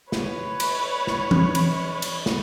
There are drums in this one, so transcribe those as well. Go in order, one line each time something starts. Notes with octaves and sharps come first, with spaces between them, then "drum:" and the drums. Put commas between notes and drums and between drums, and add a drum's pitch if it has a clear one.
B4 C#5, drum: snare
drum: cymbal
drum: snare
drum: tom E3
drum: cymbal
drum: cymbal
drum: snare